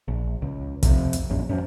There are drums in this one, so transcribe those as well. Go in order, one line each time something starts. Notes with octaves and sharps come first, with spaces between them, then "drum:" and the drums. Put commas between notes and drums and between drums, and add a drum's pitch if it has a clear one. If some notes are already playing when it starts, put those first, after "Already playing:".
A#1
C#2
F2 C3, drum: kick, hi-hat
drum: hi-hat
A#1 F#2
F#2 F3